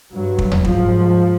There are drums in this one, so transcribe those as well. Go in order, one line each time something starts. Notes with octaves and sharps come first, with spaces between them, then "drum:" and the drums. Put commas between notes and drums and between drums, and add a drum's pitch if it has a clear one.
G2 F#3
drum: kick
drum: tom D#2
G#2 F3, drum: kick